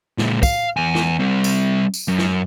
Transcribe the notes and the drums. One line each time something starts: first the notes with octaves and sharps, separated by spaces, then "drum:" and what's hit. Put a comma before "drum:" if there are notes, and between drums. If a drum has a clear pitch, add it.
A#2 G#3, drum: snare
F5, drum: kick, tambourine
E2 G#5
drum: snare
G3 C4
drum: tambourine
drum: tambourine
F#2
drum: snare